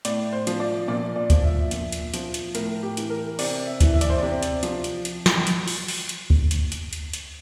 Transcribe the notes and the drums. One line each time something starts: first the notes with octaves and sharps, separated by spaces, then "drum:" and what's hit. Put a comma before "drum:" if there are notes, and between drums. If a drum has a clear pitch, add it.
A2 D5, drum: hi-hat
C5
F3, drum: hi-hat
D5
A#2 D5
D5
F3, drum: kick D2, hi-hat
E5
A#2, drum: hi-hat
drum: hi-hat
F3, drum: hi-hat
drum: hi-hat
A2 A#4, drum: hi-hat
G4
E3, drum: hi-hat
A#4
C3 D5, drum: open hi-hat
E5
E3, drum: kick D2, hi-hat
E5
D5, drum: hi-hat
C5
C3 D5
drum: hi-hat
F3, drum: hi-hat
drum: hi-hat
drum: hi-hat
drum: snare
drum: hi-hat
drum: open hi-hat
drum: open hi-hat
drum: hi-hat
drum: kick D2
drum: hi-hat
drum: hi-hat
drum: hi-hat
drum: hi-hat